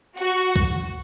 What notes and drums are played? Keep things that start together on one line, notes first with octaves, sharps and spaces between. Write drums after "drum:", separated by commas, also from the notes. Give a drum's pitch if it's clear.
F#4, drum: hi-hat
drum: kick, hi-hat